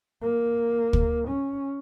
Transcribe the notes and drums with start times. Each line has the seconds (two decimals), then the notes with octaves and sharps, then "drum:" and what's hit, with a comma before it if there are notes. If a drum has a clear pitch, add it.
0.22 A#3
0.93 drum: kick
1.28 C#4